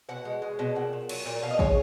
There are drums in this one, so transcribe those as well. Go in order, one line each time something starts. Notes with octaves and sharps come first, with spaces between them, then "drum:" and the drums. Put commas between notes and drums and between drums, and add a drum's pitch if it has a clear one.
B2 F#5
G#3
G#3
B2
A#2 F#5
A#2
F#3, drum: cymbal
A#2
B2 F5
D#5
G#3 C#5, drum: kick